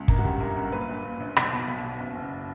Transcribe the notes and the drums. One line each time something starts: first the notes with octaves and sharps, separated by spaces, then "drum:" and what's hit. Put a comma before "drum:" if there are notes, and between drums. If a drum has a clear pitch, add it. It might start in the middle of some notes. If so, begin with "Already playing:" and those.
Already playing: C#2
G1 A#4, drum: kick
F#4
F#2 G4
G1 A#4
F#2 A#4
A#2 B4
A#1
A#2
A#1
B1, drum: rim click
B2
B1
B2
F#1
F#1